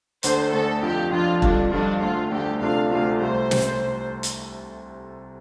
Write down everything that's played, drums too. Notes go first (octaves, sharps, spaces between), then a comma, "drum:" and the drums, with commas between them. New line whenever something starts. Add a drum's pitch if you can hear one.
D2 D3 A3 C5, drum: hi-hat
D2 D3 A3 A4
F2 F3 D4 G4
F2 F3 D4 F4
F2 D3 G3 D4 F4, drum: kick
F2 D3 G3 D4 F4
D2 D3 A3 F4
D2 D3 A3 G4
D2 C3 A3 D4 F4 F5
D2 C3 A3 D4 F4 F5
C2 C3 A3 C5
drum: snare
drum: hi-hat